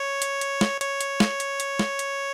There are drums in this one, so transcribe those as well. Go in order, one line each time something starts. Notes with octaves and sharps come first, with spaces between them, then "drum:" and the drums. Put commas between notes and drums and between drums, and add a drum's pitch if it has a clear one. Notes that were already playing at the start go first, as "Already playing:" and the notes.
Already playing: C#5
drum: hi-hat
drum: hi-hat
drum: snare
C#5, drum: hi-hat
drum: hi-hat
drum: snare
drum: hi-hat
drum: hi-hat
drum: snare
drum: hi-hat